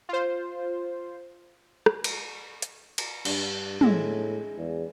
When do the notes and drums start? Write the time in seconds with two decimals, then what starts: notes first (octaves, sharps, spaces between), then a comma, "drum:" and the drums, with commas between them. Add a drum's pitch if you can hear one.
0.09 F4 C5
1.86 drum: rim click
2.04 drum: cymbal
2.62 drum: hi-hat
2.98 drum: cymbal
3.25 G2 D4, drum: cymbal
3.81 A2 G#3 E5, drum: tom
4.58 E2